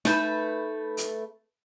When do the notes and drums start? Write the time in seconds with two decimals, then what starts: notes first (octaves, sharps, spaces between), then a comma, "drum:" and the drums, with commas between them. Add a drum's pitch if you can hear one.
0.05 A3 D#4 B4 G6 E7, drum: snare
0.97 drum: hi-hat